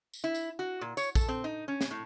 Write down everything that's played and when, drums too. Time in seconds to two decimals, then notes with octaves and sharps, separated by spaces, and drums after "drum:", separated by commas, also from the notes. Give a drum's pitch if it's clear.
0.14 drum: tambourine
0.24 E4
0.34 drum: tambourine
0.59 F#4
0.81 A#2
0.97 C#5, drum: tambourine
1.15 A4, drum: kick A#1, tambourine
1.29 C4
1.44 D#4
1.68 C#4
1.81 drum: snare
1.91 A2